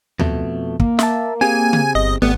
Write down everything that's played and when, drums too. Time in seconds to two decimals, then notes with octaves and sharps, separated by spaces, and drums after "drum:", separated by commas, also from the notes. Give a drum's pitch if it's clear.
0.19 F2 B2 A3, drum: tom D2
0.79 A#3, drum: kick
0.99 E5 A5, drum: snare
1.41 C4 G4 G#4 G#5
1.73 drum: tom C#3
1.95 G1 D#5
2.22 G#1 G3 A3 B3